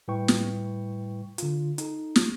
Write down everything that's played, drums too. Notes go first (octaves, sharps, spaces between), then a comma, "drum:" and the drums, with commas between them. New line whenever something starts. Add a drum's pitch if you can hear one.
A2 G3 E4 B4 G5 C#6
drum: snare
D3 F4, drum: hi-hat
D#4 A4, drum: hi-hat
drum: snare